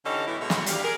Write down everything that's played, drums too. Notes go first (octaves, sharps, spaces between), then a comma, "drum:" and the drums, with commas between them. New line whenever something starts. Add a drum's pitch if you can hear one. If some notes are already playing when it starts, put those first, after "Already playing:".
D3 E3 C#4 D#4 G4 A4
A2 E3 F#3 A3 B3 E4
B2 E3 G#3 C#5
drum: snare
D2 G3 F5, drum: hi-hat
G#4 A#4